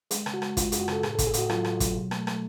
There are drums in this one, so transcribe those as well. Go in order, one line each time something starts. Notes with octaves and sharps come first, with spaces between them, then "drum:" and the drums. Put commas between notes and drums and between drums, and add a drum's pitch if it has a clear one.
G#3 G#4, drum: hi-hat
C#3, drum: rim click
F#4
G#3, drum: rim click
G#3 F4, drum: kick, hi-hat
F#2 G#4, drum: hi-hat
F#4
C#3 A4, drum: rim click
A2 G#4, drum: rim click
A4
A2, drum: kick, hi-hat
G#4
A2 F#4, drum: hi-hat
F#3 F4, drum: rim click
A2, drum: rim click
F#3, drum: kick, hi-hat
B2
A3, drum: rim click
A3, drum: rim click